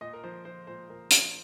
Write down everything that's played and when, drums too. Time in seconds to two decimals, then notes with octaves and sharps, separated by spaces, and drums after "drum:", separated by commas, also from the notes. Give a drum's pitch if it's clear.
0.01 A#2 D#5
0.13 A#4
0.24 F3 C5
0.45 F3 C5
0.67 A#2 C5
0.89 A#2 A#4
1.11 F3, drum: hi-hat